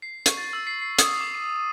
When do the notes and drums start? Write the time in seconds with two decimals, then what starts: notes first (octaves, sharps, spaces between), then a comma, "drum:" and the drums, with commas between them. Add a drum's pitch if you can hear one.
0.02 C7
0.26 C#6, drum: hi-hat
0.37 A6
0.53 E6
0.67 C7
0.82 C7
0.99 D#6, drum: hi-hat
1.21 D6
1.34 D#7
1.56 D#7